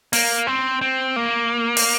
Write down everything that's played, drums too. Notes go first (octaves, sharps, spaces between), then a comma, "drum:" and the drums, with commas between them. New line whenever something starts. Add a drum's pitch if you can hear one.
A#3, drum: open hi-hat
C4
C4
A#3
drum: open hi-hat